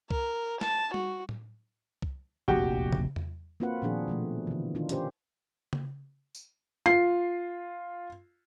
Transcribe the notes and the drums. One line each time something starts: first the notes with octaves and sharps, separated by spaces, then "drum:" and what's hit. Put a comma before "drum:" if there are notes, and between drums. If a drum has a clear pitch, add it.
A#4, drum: kick C2
A5, drum: snare
F#4, drum: tom G3
drum: tom A2
drum: kick C2
F1 A#1 E2 F#4 G4 G5
drum: tom C#3
drum: tom E2
A#3 C4 F4 F#4 B4 F#5
A#2 D#3 F3 B3 D4 G#4
B2 F3 A3
D3 E3
D#3 D4 D#4 F4
C#4 F4 G4 C5, drum: hi-hat
drum: tom C#3
drum: tambourine
F4 C7